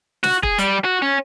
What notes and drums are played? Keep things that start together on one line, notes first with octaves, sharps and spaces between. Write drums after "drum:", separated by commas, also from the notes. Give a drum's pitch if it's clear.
F#4, drum: snare
G#4, drum: kick
G3, drum: hi-hat
F#4
C#4